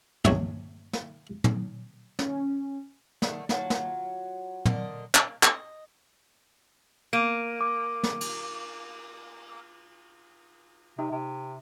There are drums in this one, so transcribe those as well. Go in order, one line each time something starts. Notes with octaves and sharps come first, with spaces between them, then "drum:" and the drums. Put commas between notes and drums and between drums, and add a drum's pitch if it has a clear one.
A#1 C#5 E5, drum: tom
drum: snare
drum: tom
C#4, drum: snare
D3 D#3 A3, drum: snare
F#3 F4 F#4 A5, drum: snare
drum: snare
A#2 D3 A#4 D#5, drum: tom
A#3, drum: clap
D#5, drum: clap
A#3 D7 D#7
D6
drum: snare
drum: cymbal
C3 D#4
C3